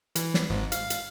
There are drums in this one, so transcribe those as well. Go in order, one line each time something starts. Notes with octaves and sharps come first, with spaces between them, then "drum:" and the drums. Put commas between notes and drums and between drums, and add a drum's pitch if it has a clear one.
E3, drum: hi-hat
drum: snare
G#1 G#2
F5, drum: hi-hat
drum: hi-hat